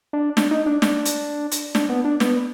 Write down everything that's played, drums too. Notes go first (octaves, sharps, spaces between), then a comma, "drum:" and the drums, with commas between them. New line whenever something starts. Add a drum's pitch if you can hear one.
D4
D4, drum: snare
D#4
D4
D4, drum: snare
drum: hi-hat
drum: hi-hat
D4, drum: snare
B3
D4
B3, drum: snare